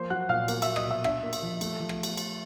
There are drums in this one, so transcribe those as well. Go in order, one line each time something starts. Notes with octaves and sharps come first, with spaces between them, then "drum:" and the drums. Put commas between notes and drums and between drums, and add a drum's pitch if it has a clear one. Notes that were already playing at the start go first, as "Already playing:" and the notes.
Already playing: F3 A#3 C5 C6
F#3 F#5 F#6
A#2 F5 F6
A#3, drum: cymbal
F#3 E5 E6, drum: cymbal
D#5 D#6, drum: rim click
B2 E5 E6
D4 E5 E6, drum: rim click
A#3
drum: cymbal
F3
A3, drum: cymbal
F3
drum: rim click
drum: cymbal
drum: cymbal